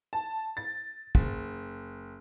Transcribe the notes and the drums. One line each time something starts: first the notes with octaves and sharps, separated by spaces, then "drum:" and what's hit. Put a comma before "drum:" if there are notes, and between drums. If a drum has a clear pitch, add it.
A5
A6
F#1, drum: kick